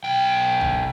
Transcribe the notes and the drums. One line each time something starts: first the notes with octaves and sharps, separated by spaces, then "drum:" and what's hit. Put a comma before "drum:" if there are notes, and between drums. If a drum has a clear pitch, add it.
B1 G5
drum: kick